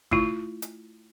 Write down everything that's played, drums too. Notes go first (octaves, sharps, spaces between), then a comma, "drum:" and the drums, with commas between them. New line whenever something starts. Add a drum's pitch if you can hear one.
A3 E4 F4, drum: kick
drum: hi-hat